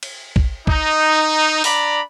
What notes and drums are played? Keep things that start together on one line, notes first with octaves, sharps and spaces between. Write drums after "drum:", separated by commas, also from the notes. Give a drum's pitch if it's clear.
drum: cymbal
drum: kick
D#4, drum: kick
D4 D5 A#5 B5, drum: open hi-hat